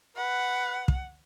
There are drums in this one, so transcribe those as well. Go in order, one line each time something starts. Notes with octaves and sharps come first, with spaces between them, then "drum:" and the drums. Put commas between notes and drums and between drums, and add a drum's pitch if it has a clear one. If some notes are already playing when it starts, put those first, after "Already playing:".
B4 F#5
drum: kick